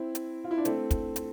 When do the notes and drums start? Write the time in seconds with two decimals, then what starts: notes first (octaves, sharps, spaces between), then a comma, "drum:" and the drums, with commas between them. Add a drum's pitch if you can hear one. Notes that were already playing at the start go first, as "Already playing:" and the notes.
Already playing: C4 E4
0.15 drum: hi-hat
0.44 F4
0.51 E4
0.58 D4
0.65 A3 C4, drum: hi-hat
0.91 drum: kick, hi-hat
1.16 drum: hi-hat